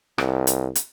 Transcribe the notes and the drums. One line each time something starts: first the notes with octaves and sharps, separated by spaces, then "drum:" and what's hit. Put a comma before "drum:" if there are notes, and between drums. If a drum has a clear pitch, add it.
C2, drum: rim click
drum: hi-hat
drum: hi-hat